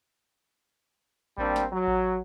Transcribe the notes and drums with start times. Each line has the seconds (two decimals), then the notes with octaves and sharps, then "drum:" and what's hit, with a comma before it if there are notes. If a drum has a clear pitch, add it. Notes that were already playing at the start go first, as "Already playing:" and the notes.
1.38 G3 A#3 C4 D4, drum: kick A1
1.56 drum: snare
1.72 F#3
1.87 drum: kick A1